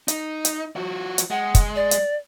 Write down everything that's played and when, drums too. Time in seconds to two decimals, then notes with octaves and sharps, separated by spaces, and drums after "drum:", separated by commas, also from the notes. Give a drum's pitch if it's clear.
0.08 D#4, drum: hi-hat
0.45 drum: hi-hat
0.76 F3 F#4
1.18 drum: hi-hat
1.30 G#3 F#5
1.55 drum: kick, hi-hat
1.76 D5
1.91 drum: hi-hat